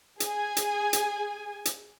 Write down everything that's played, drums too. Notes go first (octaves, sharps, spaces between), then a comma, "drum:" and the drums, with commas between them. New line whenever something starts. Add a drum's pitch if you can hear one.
G#4 G#5, drum: hi-hat
drum: hi-hat
drum: hi-hat
drum: hi-hat